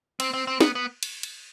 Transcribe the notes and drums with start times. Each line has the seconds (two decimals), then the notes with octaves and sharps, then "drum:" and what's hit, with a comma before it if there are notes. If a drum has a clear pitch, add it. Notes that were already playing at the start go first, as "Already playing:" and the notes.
0.20 C4, drum: cymbal
0.34 C4
0.47 C4
0.61 B3, drum: snare
0.75 B3
1.03 drum: cymbal
1.23 drum: cymbal